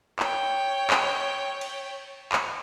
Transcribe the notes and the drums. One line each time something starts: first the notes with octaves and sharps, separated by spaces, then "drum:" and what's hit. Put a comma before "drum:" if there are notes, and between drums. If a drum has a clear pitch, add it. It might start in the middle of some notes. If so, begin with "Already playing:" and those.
C#5 G5, drum: clap
drum: clap
drum: cymbal
drum: clap